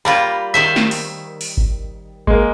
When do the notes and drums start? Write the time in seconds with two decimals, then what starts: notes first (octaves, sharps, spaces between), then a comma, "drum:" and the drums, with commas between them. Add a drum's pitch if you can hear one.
0.05 G3 A#3 F4 B5
0.54 D#3 C5 E5 B6
0.76 drum: snare
0.91 drum: open hi-hat
1.41 drum: open hi-hat
1.57 drum: kick G#1
2.27 G#3 A#3, drum: kick G#1